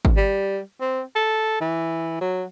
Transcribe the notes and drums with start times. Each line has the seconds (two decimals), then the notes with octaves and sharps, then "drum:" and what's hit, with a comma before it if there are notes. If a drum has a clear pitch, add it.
0.05 drum: kick G#1
0.17 G3
0.81 C4
1.16 A4
1.61 E3
2.21 F#3